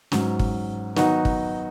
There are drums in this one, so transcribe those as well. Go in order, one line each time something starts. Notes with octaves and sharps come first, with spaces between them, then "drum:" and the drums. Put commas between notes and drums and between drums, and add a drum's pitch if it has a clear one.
G#2 F#3 C#4, drum: snare
drum: kick
D#3 F#3 B3 D#4 F#4, drum: snare
drum: kick